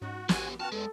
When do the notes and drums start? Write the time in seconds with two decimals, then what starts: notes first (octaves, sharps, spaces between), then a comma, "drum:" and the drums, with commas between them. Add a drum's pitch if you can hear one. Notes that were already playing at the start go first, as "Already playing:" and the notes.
0.02 G#2 C#4 D#4 F#4
0.29 A1 B3 F#4 G4 G#5, drum: snare
0.60 C#4 F#4 B4 G5 A5 F6
0.72 E2 G#3 A4